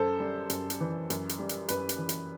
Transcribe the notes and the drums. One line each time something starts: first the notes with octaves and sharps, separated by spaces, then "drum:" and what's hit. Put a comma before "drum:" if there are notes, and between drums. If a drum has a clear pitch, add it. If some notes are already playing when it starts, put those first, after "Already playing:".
Already playing: F#2 A4 C5
G3
F#2, drum: hi-hat
drum: hi-hat
E3
F#2, drum: hi-hat
drum: hi-hat
G3
drum: hi-hat
F#2 B4, drum: hi-hat
drum: hi-hat
E3
drum: hi-hat